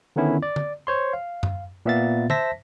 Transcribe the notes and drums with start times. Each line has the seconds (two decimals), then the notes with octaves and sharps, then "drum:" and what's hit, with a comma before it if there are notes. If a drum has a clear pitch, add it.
0.16 D3 D#3 B3 C#4 E4
0.42 D5
0.56 drum: tom
0.87 C5 C#5 C6
1.13 F5
1.43 drum: tom F#2
1.86 A#2 B3 E5 F5 A6
2.30 C5 E5 A5 A#6 B6, drum: tom